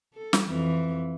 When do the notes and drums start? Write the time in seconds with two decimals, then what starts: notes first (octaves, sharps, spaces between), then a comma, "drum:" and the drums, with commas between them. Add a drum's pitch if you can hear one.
0.14 A4
0.33 drum: snare
0.48 F2 E3